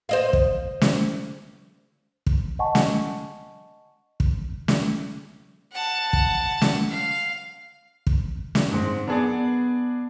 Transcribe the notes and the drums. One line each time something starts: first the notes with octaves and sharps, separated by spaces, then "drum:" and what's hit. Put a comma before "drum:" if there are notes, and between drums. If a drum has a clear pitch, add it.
C5 D#5 F5
drum: kick
drum: snare
drum: kick
D#5 F#5 G#5 A5 C#6
drum: snare
drum: kick
drum: snare
F#5 A5
drum: kick
drum: snare
F5
drum: kick
drum: snare
G#2 C4
B3 D4 G#4 D5